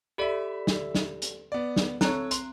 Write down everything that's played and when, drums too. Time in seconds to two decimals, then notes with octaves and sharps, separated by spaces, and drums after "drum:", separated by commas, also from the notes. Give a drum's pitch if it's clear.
0.18 G4 A4 D5 E5 B5
0.67 drum: snare
0.95 drum: snare
1.22 drum: hi-hat
1.52 B3 D5
1.76 drum: snare
2.01 C4 A4 C#5 A#5 F#6, drum: snare
2.31 C6, drum: hi-hat